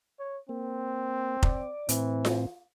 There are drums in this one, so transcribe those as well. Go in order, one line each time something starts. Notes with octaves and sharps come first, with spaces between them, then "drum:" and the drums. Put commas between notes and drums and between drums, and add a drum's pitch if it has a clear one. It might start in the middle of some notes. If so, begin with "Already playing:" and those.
C#5
A#3 C4
D5, drum: kick F1
A2 E3 C4, drum: hi-hat
drum: snare F4